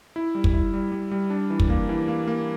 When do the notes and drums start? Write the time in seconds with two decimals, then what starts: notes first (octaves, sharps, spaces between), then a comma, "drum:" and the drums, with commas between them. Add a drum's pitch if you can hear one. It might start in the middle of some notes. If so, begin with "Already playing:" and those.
0.16 E4
0.35 G3
0.44 drum: kick
0.54 E4
0.74 G3
0.92 G3
1.11 G3
1.30 D4
1.50 E3
1.60 drum: kick
1.70 A#3
1.89 E3
2.08 A#3
2.27 A#3